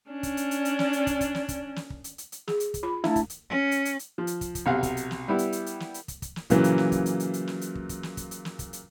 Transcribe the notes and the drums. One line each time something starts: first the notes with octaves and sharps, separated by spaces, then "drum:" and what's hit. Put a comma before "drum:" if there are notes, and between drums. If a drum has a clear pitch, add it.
C#4 D4
drum: kick, hi-hat
drum: hi-hat
drum: hi-hat
drum: hi-hat
drum: snare
drum: hi-hat
drum: kick, hi-hat
drum: kick, hi-hat
drum: snare
drum: kick, hi-hat
drum: snare
drum: kick
drum: hi-hat
drum: hi-hat
drum: hi-hat
G#4, drum: snare
drum: hi-hat
drum: kick, hi-hat
F4 B5
A3 D4 E4 F5 A5, drum: snare
drum: kick, hi-hat
drum: hi-hat
C#4
drum: hi-hat
drum: hi-hat
drum: hi-hat
F3
drum: hi-hat
drum: kick, hi-hat
drum: kick, hi-hat
B1 C3 F5 F#5
drum: kick, hi-hat
drum: hi-hat
drum: snare
G3 B3 E4
drum: hi-hat
drum: hi-hat
drum: hi-hat
drum: snare
drum: hi-hat
drum: kick, hi-hat
drum: kick, hi-hat
drum: snare
A#2 C#3 E3 F#3, drum: kick, hi-hat
drum: hi-hat
drum: snare
drum: kick, hi-hat
drum: hi-hat
drum: hi-hat
drum: hi-hat
drum: snare
drum: hi-hat
drum: kick
drum: kick, hi-hat
drum: snare
drum: kick, hi-hat
drum: hi-hat
drum: snare
drum: kick, hi-hat
drum: hi-hat